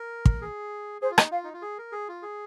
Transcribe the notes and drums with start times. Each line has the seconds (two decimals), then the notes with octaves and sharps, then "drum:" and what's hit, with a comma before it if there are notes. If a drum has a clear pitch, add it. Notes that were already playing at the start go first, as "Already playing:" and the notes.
Already playing: A#4
0.26 drum: kick
0.42 G#4
1.02 G#4 C5
1.11 F4
1.18 D#5, drum: rim click
1.21 D#4
1.31 F4 F5
1.44 D#4
1.53 F4
1.62 G#4
1.78 A#4
1.92 G#4
2.08 F4
2.22 G#4